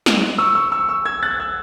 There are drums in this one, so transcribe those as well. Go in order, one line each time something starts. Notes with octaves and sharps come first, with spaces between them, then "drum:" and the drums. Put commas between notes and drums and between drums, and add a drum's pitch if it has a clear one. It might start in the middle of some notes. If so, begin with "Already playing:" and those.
drum: snare
C#6 E6
C#6 E6
C#6 E6
C#6 E6
E6 G#6
F#6 A6
E6 G#6